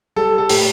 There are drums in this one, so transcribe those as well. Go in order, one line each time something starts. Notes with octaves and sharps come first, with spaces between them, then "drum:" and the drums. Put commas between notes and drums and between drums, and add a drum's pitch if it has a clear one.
G3 A4
A4
A2 G4, drum: open hi-hat